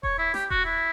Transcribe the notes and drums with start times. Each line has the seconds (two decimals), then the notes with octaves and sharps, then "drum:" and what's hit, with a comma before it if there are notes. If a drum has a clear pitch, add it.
0.03 C#5, drum: kick D#1
0.19 E4
0.34 G4, drum: snare
0.50 F#4, drum: kick D#1
0.65 E4